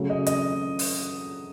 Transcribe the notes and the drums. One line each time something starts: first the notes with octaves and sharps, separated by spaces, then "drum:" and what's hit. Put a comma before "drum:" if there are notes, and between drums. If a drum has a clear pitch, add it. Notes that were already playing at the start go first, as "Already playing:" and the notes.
Already playing: C#3 F#3 A3
D#5
D#5, drum: hi-hat
drum: open hi-hat